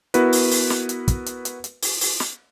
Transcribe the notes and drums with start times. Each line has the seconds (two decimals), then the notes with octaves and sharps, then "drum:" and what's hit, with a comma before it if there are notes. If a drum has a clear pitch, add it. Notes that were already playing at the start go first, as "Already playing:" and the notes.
0.14 B3 E4 F#4 A#4 B4, drum: hi-hat
0.33 drum: open hi-hat
0.51 drum: open hi-hat
0.70 drum: snare
0.89 drum: hi-hat
1.08 drum: kick, hi-hat
1.26 drum: hi-hat
1.45 drum: hi-hat
1.64 drum: hi-hat
1.83 drum: open hi-hat
2.01 drum: open hi-hat
2.20 drum: snare